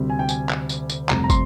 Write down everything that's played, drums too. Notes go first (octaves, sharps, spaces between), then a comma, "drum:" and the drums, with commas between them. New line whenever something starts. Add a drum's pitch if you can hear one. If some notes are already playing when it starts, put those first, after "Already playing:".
Already playing: D2 C3 G3 C4
G#5
G5
G#5, drum: tambourine
drum: clap
drum: tambourine
drum: tambourine
F1 F2 C3 G3 A#5, drum: clap
A#5
C6, drum: kick, tambourine